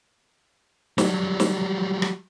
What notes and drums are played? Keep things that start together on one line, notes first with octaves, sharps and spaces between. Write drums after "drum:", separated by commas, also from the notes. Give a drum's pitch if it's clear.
F#3 G3, drum: snare
drum: snare
drum: rim click